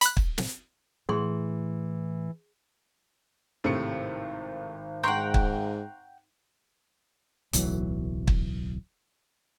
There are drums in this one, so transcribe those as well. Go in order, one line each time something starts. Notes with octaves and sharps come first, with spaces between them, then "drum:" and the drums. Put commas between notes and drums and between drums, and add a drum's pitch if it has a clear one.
B5 F#6, drum: hi-hat
drum: kick
drum: snare
A2 E3 G#4 C6
G#1 A2 C3 A3 C#7
G#2 F#5 G5 A#5 C6 C#6
drum: kick
D1 B1 E3 F#3, drum: hi-hat
drum: kick